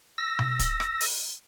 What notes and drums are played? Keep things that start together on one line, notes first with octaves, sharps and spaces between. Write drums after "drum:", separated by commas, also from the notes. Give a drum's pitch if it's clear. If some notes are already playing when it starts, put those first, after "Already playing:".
E6 A#6
drum: tom B2
drum: kick, hi-hat
drum: rim click
drum: open hi-hat